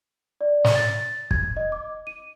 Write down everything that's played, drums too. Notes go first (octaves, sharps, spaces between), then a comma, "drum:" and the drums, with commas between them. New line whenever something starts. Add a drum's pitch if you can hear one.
D5
drum: snare
A6
G#6, drum: kick
D#5
D6
D#7